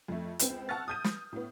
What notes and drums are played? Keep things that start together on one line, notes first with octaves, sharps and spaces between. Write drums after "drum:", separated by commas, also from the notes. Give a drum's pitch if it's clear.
F2 A3
C#2 B3 C4, drum: hi-hat
F#5 A5 C#6 E6 F6 A6
D#6 G6 D#7
drum: snare
A2 B3